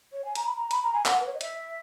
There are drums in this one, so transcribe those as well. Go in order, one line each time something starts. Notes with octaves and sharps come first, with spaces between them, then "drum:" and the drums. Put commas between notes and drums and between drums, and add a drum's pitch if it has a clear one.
C#5
G#5
A#5, drum: hi-hat
B5
A#5
B5, drum: hi-hat
A#5
G#5
F#5, drum: clap
B4
C#5
D#5
E5, drum: hi-hat